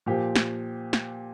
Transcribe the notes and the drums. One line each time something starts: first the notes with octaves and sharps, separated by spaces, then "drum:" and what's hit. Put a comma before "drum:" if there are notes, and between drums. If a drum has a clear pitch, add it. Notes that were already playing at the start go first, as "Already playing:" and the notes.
A#2 F3 G4
drum: snare
drum: snare